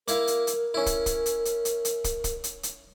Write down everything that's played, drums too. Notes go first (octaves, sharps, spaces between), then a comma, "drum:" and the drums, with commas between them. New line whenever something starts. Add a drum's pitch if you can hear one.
A#3 E4 A#4 F5, drum: hi-hat
drum: hi-hat
drum: hi-hat
C#4 E4
drum: kick, hi-hat
drum: kick, hi-hat
drum: hi-hat
drum: hi-hat
drum: hi-hat
drum: hi-hat
drum: kick, hi-hat
drum: kick, hi-hat
drum: hi-hat
drum: hi-hat